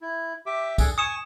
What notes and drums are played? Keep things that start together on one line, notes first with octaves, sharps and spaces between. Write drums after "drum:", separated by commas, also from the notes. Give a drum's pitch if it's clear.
E4
G4 E5 D6
D4 G#4 A4, drum: kick, tambourine
G#5 C#6 D#6 C#7 E7